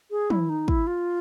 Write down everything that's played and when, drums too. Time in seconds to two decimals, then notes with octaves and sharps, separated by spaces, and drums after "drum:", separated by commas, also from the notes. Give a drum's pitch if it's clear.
0.11 G#4
0.30 E4, drum: tom
0.49 D#4
0.68 E4, drum: kick
0.87 F4